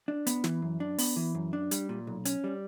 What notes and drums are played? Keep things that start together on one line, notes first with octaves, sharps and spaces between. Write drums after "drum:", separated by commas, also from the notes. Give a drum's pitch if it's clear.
D4
B3, drum: hi-hat
E3, drum: snare
F#2
D4
B3, drum: open hi-hat
E3
F#2
D4
G3, drum: hi-hat
A#2
B1
C#4, drum: hi-hat
G3